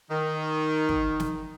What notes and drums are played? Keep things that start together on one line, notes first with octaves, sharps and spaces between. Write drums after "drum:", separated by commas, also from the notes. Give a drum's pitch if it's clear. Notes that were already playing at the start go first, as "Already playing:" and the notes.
D#3
drum: kick
drum: snare